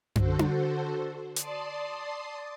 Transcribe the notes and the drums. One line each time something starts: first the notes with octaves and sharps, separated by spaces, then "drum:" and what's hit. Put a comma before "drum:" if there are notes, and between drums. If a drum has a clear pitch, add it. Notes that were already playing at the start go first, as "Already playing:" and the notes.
D3 F#4 A4 C5, drum: tom F#2
drum: tom D4
D5 A5 C6 D#6 C7, drum: hi-hat